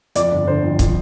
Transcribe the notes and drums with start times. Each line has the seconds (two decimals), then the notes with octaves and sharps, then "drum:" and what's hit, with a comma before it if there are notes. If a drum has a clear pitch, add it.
0.15 F2 D5, drum: hi-hat
0.31 G1
0.47 D3 C5
0.64 F2
0.79 F3, drum: kick, hi-hat